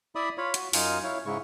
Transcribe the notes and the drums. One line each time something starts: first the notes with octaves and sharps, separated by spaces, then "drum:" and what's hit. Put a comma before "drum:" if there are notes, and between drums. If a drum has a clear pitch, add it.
E4 D5 E5 B5 D#6
F4 C#5 F5 B5
F#4, drum: hi-hat
F#2 D#4 F4 G#5 F6, drum: open hi-hat
E4 C#5 F5
G#2 C#3 G#3 E4 C#6